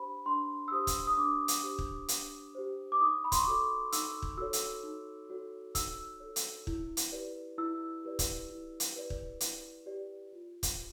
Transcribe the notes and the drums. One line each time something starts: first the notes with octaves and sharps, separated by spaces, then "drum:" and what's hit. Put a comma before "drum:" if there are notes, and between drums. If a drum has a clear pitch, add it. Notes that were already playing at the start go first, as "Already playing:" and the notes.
Already playing: D4 G4 C5 B5
D4 C6
E6
G4 C5 D#6
drum: kick, hi-hat
D#6
D4 D6
drum: hi-hat
G4 C5
drum: kick
D4, drum: hi-hat
G4 C5
D6
D#4 D#6
B5
C6, drum: kick, hi-hat
C#6
F#4 A4 C#5 D6
D#4 E6, drum: hi-hat
drum: kick
F#4 A4 C#5 E6
drum: hi-hat
D#4
F#4 A4 C#5
D#4 E6, drum: kick, hi-hat
F#4 A4 C#5
drum: hi-hat
E4, drum: kick
drum: hi-hat
G4 B4 D5
E4 E6
G4 B4 D5
drum: kick, hi-hat
E4
drum: hi-hat
G4 B4 D5
drum: kick
E4, drum: hi-hat
G4 B4 D5
F4
drum: kick, hi-hat